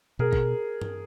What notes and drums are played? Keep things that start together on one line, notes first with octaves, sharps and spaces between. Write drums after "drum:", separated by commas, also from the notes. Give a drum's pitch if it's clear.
B2 G#4 A#4
drum: kick
drum: tom G2